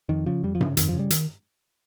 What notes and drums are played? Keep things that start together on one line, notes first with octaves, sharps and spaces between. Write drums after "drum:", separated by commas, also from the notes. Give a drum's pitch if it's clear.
F2 D#3
C#3 F3
F2 G3
F3
C#3, drum: tom G2
F2 D#3, drum: hi-hat
C#3 F3
G3
D#3, drum: hi-hat